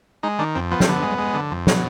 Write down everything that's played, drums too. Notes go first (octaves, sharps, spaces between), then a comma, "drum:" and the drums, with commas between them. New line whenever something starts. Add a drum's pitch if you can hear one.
G#3 D#4
D#3 D4
F2 C4
F3 B3
C4, drum: snare
D3 B3
G#3
G#3
D3
F2
B2, drum: snare